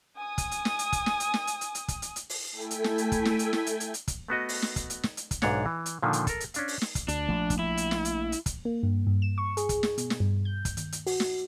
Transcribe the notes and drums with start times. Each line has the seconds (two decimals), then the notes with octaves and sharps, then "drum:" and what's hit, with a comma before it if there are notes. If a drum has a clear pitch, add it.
0.17 G#5 D#6
0.38 drum: kick, hi-hat
0.51 drum: hi-hat
0.65 drum: snare
0.79 drum: hi-hat
0.93 drum: kick, hi-hat
1.06 drum: snare
1.20 drum: hi-hat
1.34 drum: snare
1.47 drum: hi-hat
1.61 drum: hi-hat
1.75 drum: hi-hat
1.88 drum: kick, hi-hat
2.02 drum: hi-hat
2.16 drum: hi-hat
2.29 drum: open hi-hat
2.51 A3 E4 A4 G5 G#5 B6
2.71 drum: hi-hat
2.84 drum: snare
2.98 drum: hi-hat
3.12 drum: kick, hi-hat
3.25 drum: snare
3.39 drum: hi-hat
3.53 drum: snare
3.66 drum: hi-hat
3.80 drum: hi-hat
3.94 drum: hi-hat
4.08 drum: kick, hi-hat
4.28 A3 B3 F#4 D#5
4.49 drum: open hi-hat
4.62 drum: snare
4.76 drum: kick, hi-hat
4.90 drum: hi-hat
5.03 drum: snare
5.17 drum: hi-hat
5.31 drum: kick, hi-hat
5.42 B1 G#2 D4 C#5 F#5, drum: snare
5.66 E3
5.86 drum: hi-hat
6.02 A#2 D3 D#3 F3
6.13 drum: hi-hat
6.27 A4 A#4, drum: kick, hi-hat
6.40 drum: hi-hat
6.54 C#4 D4 F5, drum: hi-hat
6.68 drum: open hi-hat
6.82 drum: snare
6.95 drum: kick, hi-hat
7.08 D2 D4, drum: hi-hat
7.28 A#1 F3 A3
7.50 drum: kick, hi-hat
7.59 E4
7.77 drum: hi-hat
7.91 drum: snare
8.05 drum: hi-hat
8.32 drum: hi-hat
8.46 drum: kick, hi-hat
8.65 A#3
8.83 G2
9.07 G2
9.22 E7
9.38 C#6
9.57 G#4, drum: hi-hat
9.69 drum: kick, hi-hat
9.83 drum: snare
9.98 B2, drum: hi-hat
10.10 drum: snare
10.20 G2
10.45 G6
10.65 drum: kick, hi-hat
10.77 D#2, drum: hi-hat
10.92 drum: hi-hat
11.07 F#4, drum: open hi-hat
11.20 drum: snare